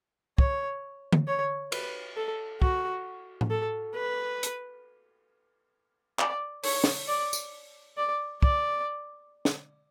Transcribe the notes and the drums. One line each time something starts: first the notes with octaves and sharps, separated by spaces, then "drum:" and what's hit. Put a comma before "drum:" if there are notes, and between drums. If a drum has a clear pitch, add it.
C#5, drum: kick
drum: tom D3
C#5
B4, drum: cymbal
A4
F#4, drum: kick
drum: tom A2
A4
B4
drum: hi-hat
D5, drum: clap
C#5, drum: open hi-hat
drum: snare
D5
drum: tambourine
D5
D5, drum: kick
drum: snare